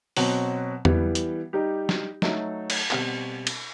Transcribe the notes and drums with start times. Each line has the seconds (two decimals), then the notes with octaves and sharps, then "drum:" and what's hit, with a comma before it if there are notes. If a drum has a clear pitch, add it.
0.17 B2 F#3 C4 F#4, drum: open hi-hat
0.85 E3 G3 B3, drum: tom E2
1.15 drum: hi-hat
1.53 G3 D#4 G4
1.89 drum: snare
2.22 F#3 A3 D#4, drum: snare
2.70 drum: cymbal
2.91 B2 G3 C4, drum: clap
3.47 drum: cymbal